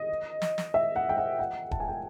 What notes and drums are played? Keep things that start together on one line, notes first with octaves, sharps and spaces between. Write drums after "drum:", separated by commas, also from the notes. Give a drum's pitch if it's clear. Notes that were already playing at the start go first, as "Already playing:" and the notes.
Already playing: D#5
drum: snare
drum: snare
E5
F#5
G5
F#5
F#5
A5, drum: kick D#1
G#5
G5